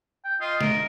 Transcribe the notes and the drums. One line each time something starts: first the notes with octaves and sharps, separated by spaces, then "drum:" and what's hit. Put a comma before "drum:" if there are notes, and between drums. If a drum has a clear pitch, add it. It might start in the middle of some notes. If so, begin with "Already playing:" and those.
G5
F4 D#5
A#4, drum: snare